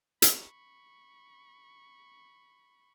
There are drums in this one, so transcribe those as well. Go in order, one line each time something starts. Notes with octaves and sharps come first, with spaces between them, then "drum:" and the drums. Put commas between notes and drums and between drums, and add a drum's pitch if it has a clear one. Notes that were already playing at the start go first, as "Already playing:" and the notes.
B5 C#6, drum: hi-hat